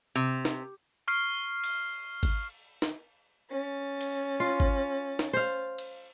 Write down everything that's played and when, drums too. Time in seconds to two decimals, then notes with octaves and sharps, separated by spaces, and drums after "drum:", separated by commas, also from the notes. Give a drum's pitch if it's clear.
0.15 C3
0.45 drum: snare
1.08 C#6 F6 C7 G7
1.64 drum: cymbal
2.23 drum: kick G#1, cymbal
2.82 drum: snare
3.51 C#4 A6
4.01 drum: cymbal
4.40 F4
4.60 drum: kick G#1
5.19 drum: snare
5.33 C5 F5
5.78 drum: cymbal